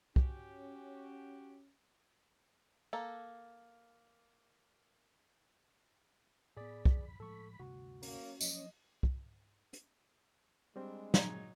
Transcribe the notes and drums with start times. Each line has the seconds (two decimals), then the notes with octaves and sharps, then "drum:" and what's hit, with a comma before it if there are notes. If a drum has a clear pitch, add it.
0.16 C#4 F#4 G4, drum: kick
2.93 A#3 A4
6.57 A2 B3 G#4 D5 B5
6.85 D#1 F2, drum: kick
7.20 A2 F3 G#3 A4 C#6
7.60 D2 G2 C3 F#4
8.02 F#3 A#3 C#4, drum: open hi-hat
8.41 F3 F#3 A#3 D#5, drum: tambourine
9.03 drum: kick
9.73 drum: hi-hat
10.76 G3 G#3 C4 D4
11.14 A#2 F#3 D#4 A#5 G#6, drum: snare